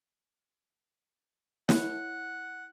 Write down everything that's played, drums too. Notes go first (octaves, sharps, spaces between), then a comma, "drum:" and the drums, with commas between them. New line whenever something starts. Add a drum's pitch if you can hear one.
E4 C#5 F#5, drum: snare